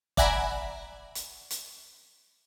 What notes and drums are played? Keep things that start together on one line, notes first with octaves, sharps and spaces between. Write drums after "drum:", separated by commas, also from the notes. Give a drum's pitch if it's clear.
D5 E5 F#5 G#5 A#5 B5, drum: kick F1
drum: hi-hat
drum: hi-hat